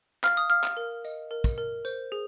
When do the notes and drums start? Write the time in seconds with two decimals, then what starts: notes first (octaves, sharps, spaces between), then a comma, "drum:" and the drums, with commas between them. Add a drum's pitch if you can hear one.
0.24 F5 F6, drum: clap
0.37 D#6
0.50 F5 F6
0.64 drum: clap
0.77 A#4
1.05 D#5, drum: tambourine
1.31 A#4
1.44 drum: kick, tambourine
1.58 A#4
1.85 C5, drum: tambourine
2.12 G#4